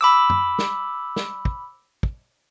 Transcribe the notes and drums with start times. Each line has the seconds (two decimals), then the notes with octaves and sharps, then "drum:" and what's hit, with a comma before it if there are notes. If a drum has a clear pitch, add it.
0.01 B5 D6 E6
0.30 drum: tom
0.59 drum: snare
1.16 drum: snare
1.45 drum: kick
2.03 drum: kick